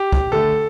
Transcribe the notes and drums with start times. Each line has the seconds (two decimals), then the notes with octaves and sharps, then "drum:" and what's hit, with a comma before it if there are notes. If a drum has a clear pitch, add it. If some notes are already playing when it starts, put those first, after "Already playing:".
Already playing: G4
0.13 drum: kick
0.32 D3 A3 A4